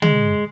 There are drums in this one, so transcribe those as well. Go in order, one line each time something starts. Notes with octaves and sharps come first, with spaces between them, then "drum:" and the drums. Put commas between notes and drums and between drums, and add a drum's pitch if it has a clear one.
G#3, drum: tom